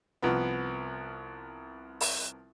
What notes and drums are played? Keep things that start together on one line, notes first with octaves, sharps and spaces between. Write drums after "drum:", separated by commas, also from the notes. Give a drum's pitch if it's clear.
C2 F3 B3
drum: open hi-hat